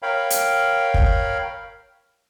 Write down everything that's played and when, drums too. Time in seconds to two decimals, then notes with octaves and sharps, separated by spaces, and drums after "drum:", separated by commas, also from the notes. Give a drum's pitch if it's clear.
0.02 A#4 C#5 F5 G5 B5
0.30 drum: hi-hat
0.94 drum: kick